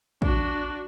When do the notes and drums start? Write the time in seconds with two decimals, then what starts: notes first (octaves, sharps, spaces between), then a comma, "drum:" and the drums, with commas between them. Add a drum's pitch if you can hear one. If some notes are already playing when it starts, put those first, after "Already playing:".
0.22 D4 F#4, drum: kick